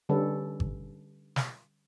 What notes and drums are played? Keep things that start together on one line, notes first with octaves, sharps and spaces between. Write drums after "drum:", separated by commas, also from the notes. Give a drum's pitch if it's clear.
D3 G3 C#4 A4 B4
drum: kick G#1
drum: snare